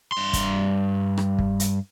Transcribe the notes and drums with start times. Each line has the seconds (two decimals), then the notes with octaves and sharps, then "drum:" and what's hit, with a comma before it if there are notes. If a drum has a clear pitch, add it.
0.12 G2 C6
0.33 drum: kick, hi-hat
1.18 drum: rim click
1.39 drum: kick
1.60 drum: hi-hat